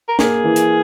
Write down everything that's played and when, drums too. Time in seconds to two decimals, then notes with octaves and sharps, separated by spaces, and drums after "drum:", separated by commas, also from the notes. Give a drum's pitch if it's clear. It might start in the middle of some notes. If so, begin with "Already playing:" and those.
0.09 A#4
0.19 A#3 G#4, drum: snare
0.44 E3
0.56 drum: hi-hat